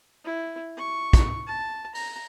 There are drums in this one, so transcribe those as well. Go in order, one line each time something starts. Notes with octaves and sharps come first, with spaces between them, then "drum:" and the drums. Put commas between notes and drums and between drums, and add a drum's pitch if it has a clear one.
E4
C#6
drum: kick, hi-hat
A5
A#5, drum: open hi-hat